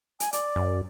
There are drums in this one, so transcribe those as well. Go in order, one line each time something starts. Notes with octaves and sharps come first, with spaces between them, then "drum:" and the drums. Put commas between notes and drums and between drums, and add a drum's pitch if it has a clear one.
G#5, drum: hi-hat
D5, drum: hi-hat
F#2